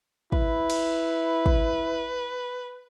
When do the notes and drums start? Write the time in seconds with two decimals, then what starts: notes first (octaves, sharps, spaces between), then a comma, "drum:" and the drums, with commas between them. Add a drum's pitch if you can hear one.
0.32 E4 B4, drum: kick
0.70 drum: cymbal
1.46 drum: kick